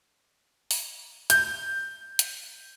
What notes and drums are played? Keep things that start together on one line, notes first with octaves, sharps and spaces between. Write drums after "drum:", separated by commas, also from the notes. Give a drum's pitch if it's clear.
drum: open hi-hat
G6, drum: hi-hat
drum: hi-hat